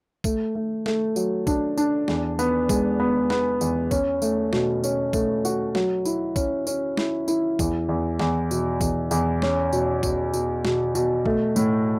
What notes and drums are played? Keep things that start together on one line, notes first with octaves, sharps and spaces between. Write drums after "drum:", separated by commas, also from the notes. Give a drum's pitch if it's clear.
A3, drum: kick, tambourine
A3
A3, drum: snare
F#3, drum: tambourine
D4, drum: kick, tambourine
D4, drum: tambourine
E2, drum: snare
B3, drum: tambourine
G#3, drum: kick, tambourine
B3
B3, drum: snare
E2, drum: tambourine
C#4, drum: kick, tambourine
A3, drum: tambourine
B2, drum: snare
C#4, drum: tambourine
A3, drum: kick, tambourine
F#4, drum: tambourine
F#3, drum: snare
E4, drum: tambourine
C#4, drum: kick, tambourine
C#4, drum: tambourine
E4, drum: snare
E4, drum: tambourine
E2, drum: kick, tambourine
E2
E2, drum: snare
B2, drum: tambourine
E2, drum: kick, tambourine
E2, drum: tambourine
C#4, drum: snare
B2, drum: tambourine
B2, drum: kick, tambourine
B2, drum: tambourine
B2, drum: snare
B2, drum: tambourine
A3, drum: kick
A2, drum: tambourine